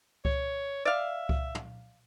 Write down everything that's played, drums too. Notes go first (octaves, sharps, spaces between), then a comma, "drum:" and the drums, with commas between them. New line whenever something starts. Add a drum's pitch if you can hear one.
C#5, drum: kick C#2
D5 E5 F5
drum: kick C#2
drum: tom